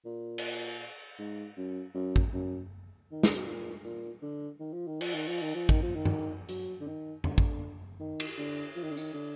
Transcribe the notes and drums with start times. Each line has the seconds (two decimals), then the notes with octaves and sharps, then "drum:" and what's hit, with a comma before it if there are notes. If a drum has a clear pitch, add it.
0.05 A#2
0.38 drum: cymbal
1.19 G#2
1.57 F#2
1.94 F#2
2.16 drum: kick
2.33 F#2
3.11 D#3
3.23 D3, drum: snare
3.35 B2, drum: hi-hat
3.46 A#2
3.84 A#2
4.22 D3
4.59 D#3
4.73 F3
4.87 D#3
5.01 F3, drum: cymbal
5.14 D#3
5.28 F3
5.42 D#3
5.55 F3
5.69 D#3, drum: kick
5.82 F3
5.95 D#3
6.05 drum: tom G2
6.49 F#3, drum: hi-hat
6.80 D3
6.87 D#3
7.24 D3, drum: tom F2
7.38 drum: kick
8.00 D#3
8.20 drum: cymbal
8.38 D3
8.76 F3
8.83 D#3
8.90 D3
8.97 D#3, drum: tambourine
9.13 D3